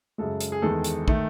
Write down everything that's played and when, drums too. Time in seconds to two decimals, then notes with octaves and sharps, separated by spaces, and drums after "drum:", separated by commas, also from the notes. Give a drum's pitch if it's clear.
0.18 F#2 C#3 G#3 A4
0.41 drum: hi-hat
0.52 G#4
0.62 E2 D#3 G#3 A4
0.84 drum: hi-hat
1.08 D#3 A3, drum: kick